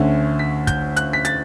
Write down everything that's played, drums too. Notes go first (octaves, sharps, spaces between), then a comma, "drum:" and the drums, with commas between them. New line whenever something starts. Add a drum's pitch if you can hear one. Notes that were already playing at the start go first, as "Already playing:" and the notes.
Already playing: D2 D3 A3 C#4
B6
G6, drum: kick, hi-hat
F#6, drum: hi-hat
B6
A6, drum: hi-hat